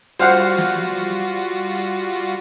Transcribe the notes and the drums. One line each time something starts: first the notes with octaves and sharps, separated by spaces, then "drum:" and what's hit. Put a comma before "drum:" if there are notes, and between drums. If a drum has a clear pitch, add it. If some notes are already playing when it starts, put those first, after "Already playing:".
G3 F4 F#4 C5 F5 F#5, drum: hi-hat
drum: snare
drum: hi-hat
drum: hi-hat
drum: hi-hat
drum: hi-hat